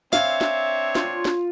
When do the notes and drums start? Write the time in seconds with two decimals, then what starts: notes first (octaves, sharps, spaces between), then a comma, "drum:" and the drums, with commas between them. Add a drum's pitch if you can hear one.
0.13 C4 D4 C#5 E5 F5, drum: snare
0.41 drum: snare
0.95 F4, drum: snare
1.25 drum: snare